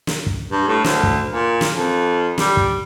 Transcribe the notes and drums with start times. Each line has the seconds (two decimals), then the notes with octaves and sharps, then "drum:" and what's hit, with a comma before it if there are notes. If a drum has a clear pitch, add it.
0.07 drum: snare
0.26 drum: kick
0.51 G2
0.68 A2
0.84 D2, drum: snare
1.03 drum: kick
1.33 A#2
1.61 drum: snare
1.73 F2
2.38 G3, drum: snare
2.57 drum: kick